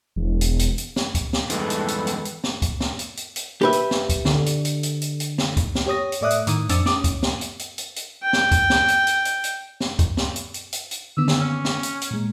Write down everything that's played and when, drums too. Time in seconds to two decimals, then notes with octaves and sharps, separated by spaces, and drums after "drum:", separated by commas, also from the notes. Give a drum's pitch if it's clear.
0.16 E1
0.41 drum: hi-hat
0.59 drum: hi-hat
0.78 drum: hi-hat
0.96 drum: snare
1.15 drum: kick C#2, hi-hat
1.33 drum: snare
1.50 E2 G2 G#3 A4 B4 G5, drum: hi-hat
1.70 drum: hi-hat
1.88 drum: hi-hat
2.07 drum: hi-hat
2.25 drum: hi-hat
2.44 drum: snare
2.62 drum: kick C#2, hi-hat
2.80 drum: snare
2.99 drum: hi-hat
3.17 drum: hi-hat
3.36 drum: hi-hat
3.61 G4 B4 E5
3.73 drum: hi-hat
3.91 drum: snare
4.09 drum: kick C#2, hi-hat
4.25 D3, drum: snare
4.46 drum: hi-hat
4.65 drum: hi-hat
4.83 drum: hi-hat
5.02 drum: hi-hat
5.20 drum: hi-hat
5.38 drum: snare
5.57 drum: kick C#2, hi-hat
5.75 drum: snare
5.86 G4 C#5 D#6 A#6
6.12 drum: hi-hat
6.21 A2 A3 D5 E5 D#6 F#6
6.30 drum: hi-hat
6.47 A2 D#3 D#6, drum: hi-hat
6.69 F2 C4 D4 D6 E6 A6, drum: hi-hat
6.86 C#4 D6 D#6, drum: snare
7.04 drum: kick C#2, hi-hat
7.23 drum: snare
7.41 drum: hi-hat
7.59 drum: hi-hat
7.78 drum: hi-hat
7.96 drum: hi-hat
8.23 G5
8.33 drum: snare
8.52 drum: kick C#2, hi-hat
8.70 drum: snare
8.88 drum: hi-hat
9.07 drum: hi-hat
9.25 drum: hi-hat
9.44 drum: hi-hat
9.80 drum: snare
9.99 drum: kick C#2, hi-hat
10.17 drum: snare
10.36 drum: hi-hat
10.54 drum: hi-hat
10.73 drum: hi-hat
10.91 drum: hi-hat
11.17 D3 D#3 B3 E6
11.28 drum: snare
11.40 C#4
11.65 drum: snare
11.83 drum: hi-hat
12.02 drum: hi-hat
12.11 A#2 G#3